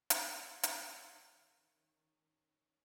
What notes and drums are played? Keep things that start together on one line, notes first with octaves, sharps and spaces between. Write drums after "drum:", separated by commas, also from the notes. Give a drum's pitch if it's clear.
D#3 C#4, drum: hi-hat
drum: hi-hat